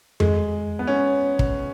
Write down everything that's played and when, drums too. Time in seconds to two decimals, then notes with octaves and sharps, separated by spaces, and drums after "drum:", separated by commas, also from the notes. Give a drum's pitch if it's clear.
0.20 G#3, drum: tom F2
0.79 B3
0.87 C#4
1.39 drum: kick